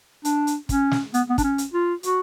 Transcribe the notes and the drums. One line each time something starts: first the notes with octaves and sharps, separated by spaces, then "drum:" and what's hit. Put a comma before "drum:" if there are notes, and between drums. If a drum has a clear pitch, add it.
D4, drum: hi-hat
drum: hi-hat
C#4, drum: kick, hi-hat
drum: snare
B3, drum: hi-hat
B3
D4, drum: kick, hi-hat
C#4
drum: hi-hat
F4
F#4, drum: hi-hat